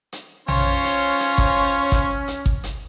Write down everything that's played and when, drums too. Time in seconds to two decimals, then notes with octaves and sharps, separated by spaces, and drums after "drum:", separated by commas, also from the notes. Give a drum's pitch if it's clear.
0.12 drum: hi-hat
0.48 C#4 F4 C5 C#5, drum: tom A#1
0.84 drum: hi-hat
1.20 drum: hi-hat
1.38 drum: kick G#1
1.92 drum: kick G#1, hi-hat
2.28 drum: hi-hat
2.46 drum: kick G#1
2.64 drum: hi-hat